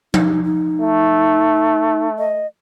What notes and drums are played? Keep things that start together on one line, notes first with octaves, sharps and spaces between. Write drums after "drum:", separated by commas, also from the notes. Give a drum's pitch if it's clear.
D#4, drum: tom F3
D#4
A3
D#5